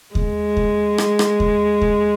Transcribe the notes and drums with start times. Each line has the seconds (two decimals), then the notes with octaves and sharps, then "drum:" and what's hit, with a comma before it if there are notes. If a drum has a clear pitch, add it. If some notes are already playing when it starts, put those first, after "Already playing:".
0.15 G#3, drum: kick D#2
0.57 drum: kick D#2
0.98 drum: rim click
1.19 drum: rim click
1.40 drum: kick D#2
1.82 drum: kick D#2